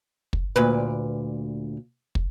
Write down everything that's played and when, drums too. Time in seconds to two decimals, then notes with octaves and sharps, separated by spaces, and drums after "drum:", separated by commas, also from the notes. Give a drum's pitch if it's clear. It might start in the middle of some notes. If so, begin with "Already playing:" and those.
0.33 drum: kick
0.56 D2 A#2 B4
2.15 drum: kick